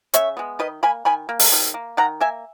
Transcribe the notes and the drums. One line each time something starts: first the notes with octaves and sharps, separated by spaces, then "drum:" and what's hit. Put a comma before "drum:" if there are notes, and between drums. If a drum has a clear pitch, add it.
C#3 C#5 E5, drum: hi-hat
G#3 B3
D#3 B4 D#5
A#3 G#5 B5
D#3 G#5 B5
A#3
drum: open hi-hat
D#3
A#3
D#3 F#5 A#5
A#3 E5 G#5